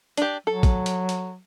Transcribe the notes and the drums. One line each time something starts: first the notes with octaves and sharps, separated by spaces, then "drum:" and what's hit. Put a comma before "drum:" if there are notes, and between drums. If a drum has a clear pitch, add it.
D4 G4, drum: hi-hat
F#3 A4
drum: kick, hi-hat
drum: hi-hat
drum: hi-hat